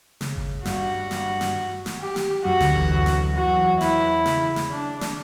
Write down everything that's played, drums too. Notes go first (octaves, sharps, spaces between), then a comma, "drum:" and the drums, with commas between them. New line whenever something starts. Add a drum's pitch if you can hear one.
C#3, drum: snare
drum: kick G1
G2 G3 F#4, drum: snare
G2 G3, drum: snare
drum: snare
drum: snare
G4
drum: snare
F#2 F#3 F#4
D2 D3, drum: snare
E2 E3, drum: kick G1
F#2 F#3
drum: snare
E3 F#4
F#3
E2 E3
E4, drum: snare
C#3, drum: snare
drum: snare
D4
drum: snare